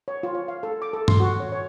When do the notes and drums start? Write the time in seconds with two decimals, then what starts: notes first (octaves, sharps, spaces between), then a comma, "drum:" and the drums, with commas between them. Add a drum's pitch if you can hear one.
0.08 C#5
0.23 F4
0.35 C#5
0.48 F5
0.63 A4
0.82 D6
0.93 A4
1.08 C6, drum: tom G2
1.20 F#4
1.40 C#5
1.52 C#5